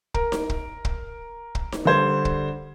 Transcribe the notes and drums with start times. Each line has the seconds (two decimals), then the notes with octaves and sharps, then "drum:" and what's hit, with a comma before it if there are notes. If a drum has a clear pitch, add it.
0.14 A#4, drum: kick
0.32 drum: snare D#4
0.50 drum: kick
0.85 drum: kick
1.55 drum: kick
1.72 drum: snare D#4
1.85 D3 G3 C5 G#6
2.25 drum: kick